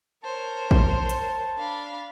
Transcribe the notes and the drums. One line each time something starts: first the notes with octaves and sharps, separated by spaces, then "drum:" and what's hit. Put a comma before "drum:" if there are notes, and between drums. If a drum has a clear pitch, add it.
A#4 C5 C#5 A5
drum: kick A1
drum: hi-hat
D4 F5 B5